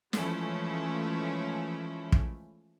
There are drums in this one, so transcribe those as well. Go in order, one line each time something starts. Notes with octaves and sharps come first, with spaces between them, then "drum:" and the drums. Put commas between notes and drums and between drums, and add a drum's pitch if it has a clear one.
E3 F3 G#3 A3 C#4 E4, drum: snare
drum: kick